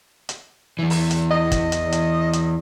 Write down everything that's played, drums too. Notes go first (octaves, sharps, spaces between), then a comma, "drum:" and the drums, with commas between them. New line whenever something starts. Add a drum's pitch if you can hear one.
drum: hi-hat
E2 E3
drum: open hi-hat
drum: hi-hat
D#5
drum: kick, hi-hat
drum: hi-hat
drum: hi-hat
drum: hi-hat